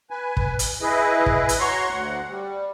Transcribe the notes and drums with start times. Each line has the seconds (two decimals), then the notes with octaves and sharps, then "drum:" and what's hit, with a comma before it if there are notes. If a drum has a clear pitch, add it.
0.10 B4 G#5
0.37 drum: kick
0.59 drum: hi-hat
0.81 E4 G#4 B4 D#5
1.26 drum: kick
1.49 drum: hi-hat
1.60 F#4 C#5 A#5 C6 C#6
1.90 D2 F#5
2.29 G3